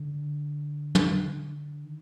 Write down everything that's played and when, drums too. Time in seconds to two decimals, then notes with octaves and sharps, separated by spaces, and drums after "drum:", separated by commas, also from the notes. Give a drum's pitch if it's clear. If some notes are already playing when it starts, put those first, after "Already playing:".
Already playing: D3
0.95 drum: tom
1.85 D#3